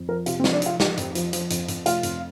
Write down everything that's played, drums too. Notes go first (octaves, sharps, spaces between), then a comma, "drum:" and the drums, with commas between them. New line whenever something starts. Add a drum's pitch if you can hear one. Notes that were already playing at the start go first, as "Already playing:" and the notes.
Already playing: F2
F3 A#4
C3 F4, drum: hi-hat
C4
F3, drum: snare
D4
F3 F4, drum: hi-hat
F3 G4, drum: snare
F2, drum: hi-hat
F3, drum: hi-hat
F3, drum: hi-hat
F2, drum: hi-hat
F2, drum: hi-hat
F1 F4, drum: hi-hat
F2, drum: hi-hat